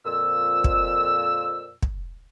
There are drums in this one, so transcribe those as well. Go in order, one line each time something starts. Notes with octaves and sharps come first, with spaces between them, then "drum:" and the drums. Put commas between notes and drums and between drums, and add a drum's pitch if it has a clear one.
F2 A#2 E6
drum: kick
drum: kick